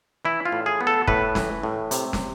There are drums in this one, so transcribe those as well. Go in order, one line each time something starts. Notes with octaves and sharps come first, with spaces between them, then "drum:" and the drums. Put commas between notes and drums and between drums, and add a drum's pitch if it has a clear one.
E3 E4
F4
A2
G#4
B3
A4
A2 B4, drum: kick
E3, drum: snare
A2
C3, drum: hi-hat
drum: snare